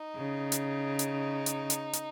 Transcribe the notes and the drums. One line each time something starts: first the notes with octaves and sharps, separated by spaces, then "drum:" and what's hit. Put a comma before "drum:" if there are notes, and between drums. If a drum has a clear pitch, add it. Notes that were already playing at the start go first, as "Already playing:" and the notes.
Already playing: D#4
C#3
drum: hi-hat
drum: hi-hat
drum: hi-hat
drum: hi-hat
drum: hi-hat